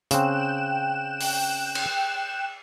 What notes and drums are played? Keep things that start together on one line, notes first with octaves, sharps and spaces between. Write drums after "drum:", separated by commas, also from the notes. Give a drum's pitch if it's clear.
C#3 C4 G5 F#6 E7, drum: hi-hat
drum: open hi-hat
drum: cymbal